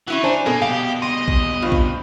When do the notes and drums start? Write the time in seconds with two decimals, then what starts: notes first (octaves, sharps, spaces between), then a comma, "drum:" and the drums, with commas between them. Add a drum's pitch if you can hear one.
0.08 E3 C#4 E4 F#4
0.24 D4 C5 G#5 A#5
0.46 B2 A#3 G#4 A4
0.62 C2 B3 G4 F5
1.02 D#5 C6
1.28 drum: kick A#1
1.62 G2 C4 F4
1.72 drum: kick A#1